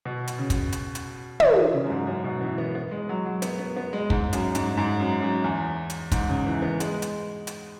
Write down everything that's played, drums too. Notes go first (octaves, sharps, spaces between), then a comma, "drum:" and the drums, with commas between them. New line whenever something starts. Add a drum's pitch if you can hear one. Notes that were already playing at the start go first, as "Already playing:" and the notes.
B2
drum: hi-hat
C#3
drum: kick, hi-hat
drum: hi-hat
drum: hi-hat
E3, drum: tom
C#3
F#2
G#2
F#2
B2
E3
B3
B3
G#3
F#3
F#3
B3, drum: hi-hat
B3
B3
G#3
G#2, drum: kick
F#2, drum: hi-hat
G#2, drum: hi-hat
G#2
F#2
F#2
E2
drum: hi-hat
G#2, drum: kick, hi-hat
C#3
E3
B3
G#3, drum: hi-hat
drum: hi-hat
drum: hi-hat